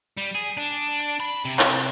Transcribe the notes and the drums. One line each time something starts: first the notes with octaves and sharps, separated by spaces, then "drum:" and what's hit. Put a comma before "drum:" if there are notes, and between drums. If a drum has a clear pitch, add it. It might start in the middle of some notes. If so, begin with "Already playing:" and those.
G3
G#4
D4
drum: hi-hat
B5, drum: hi-hat
C3
drum: clap